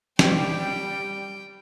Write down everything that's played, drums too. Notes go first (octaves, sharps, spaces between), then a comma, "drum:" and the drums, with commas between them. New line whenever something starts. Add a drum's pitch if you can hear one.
G3 G5, drum: snare